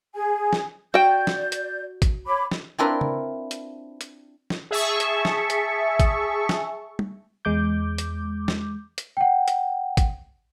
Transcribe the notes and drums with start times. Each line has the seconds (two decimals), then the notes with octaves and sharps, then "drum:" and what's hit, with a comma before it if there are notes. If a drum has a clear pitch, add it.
0.14 G#4 G#5
0.53 drum: snare
0.94 F#4 D5 G5 G6
1.27 drum: snare
1.52 drum: hi-hat
2.02 drum: kick, hi-hat
2.27 C#5 B5 D6
2.52 drum: snare
2.78 C4 D4 E4 F4 A#4 B4
3.01 drum: tom C#3
3.51 drum: hi-hat
4.01 drum: hi-hat
4.50 drum: snare
4.71 G#4 E5 A5 C#6
5.00 drum: hi-hat
5.25 drum: snare
5.50 drum: hi-hat
6.00 drum: kick, hi-hat
6.49 drum: snare
6.99 drum: tom
7.45 E2 G#3 D6 G6
7.98 drum: hi-hat
8.48 drum: snare
8.98 drum: hi-hat
9.17 F#5 G5
9.48 drum: hi-hat
9.97 drum: kick, hi-hat